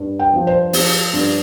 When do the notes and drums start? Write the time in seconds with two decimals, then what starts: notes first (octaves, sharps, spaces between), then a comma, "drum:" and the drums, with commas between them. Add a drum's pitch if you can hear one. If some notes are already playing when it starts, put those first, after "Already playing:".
Already playing: G2
0.19 G5
0.34 F3
0.47 C5
0.73 F3, drum: open hi-hat
1.13 G2